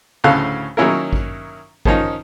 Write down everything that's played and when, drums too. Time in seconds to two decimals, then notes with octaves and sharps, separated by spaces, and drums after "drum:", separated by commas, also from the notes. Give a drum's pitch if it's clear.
0.24 D2 A2 C#3 A4 F5 F#6
0.77 D#3 F#3 A#3 C#4 E4 A#4
1.13 drum: kick G#1
1.85 D#3 F3 C#4 D#4, drum: kick G#1